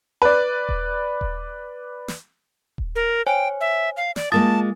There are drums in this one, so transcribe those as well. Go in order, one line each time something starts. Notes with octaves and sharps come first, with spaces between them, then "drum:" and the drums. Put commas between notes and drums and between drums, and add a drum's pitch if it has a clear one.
B4 D5
drum: kick D#1
drum: kick D#1
drum: snare
drum: kick D#1
A#4
C5 C#5 G5 G#5
E5
F5
D5, drum: snare
G#3 A#3 F4 A5 D#6 A6